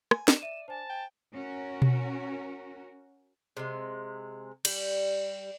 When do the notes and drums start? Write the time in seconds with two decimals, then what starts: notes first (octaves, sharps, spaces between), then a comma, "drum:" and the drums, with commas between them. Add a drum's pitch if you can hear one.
0.11 G#5, drum: rim click
0.28 D5 E7, drum: snare
0.42 E5 D#7
0.68 D4 C5 G#5 A5
0.89 G5
1.34 C#4 F#4 A#4
1.82 drum: tom B2
3.57 C3 G#3
4.65 G3, drum: cymbal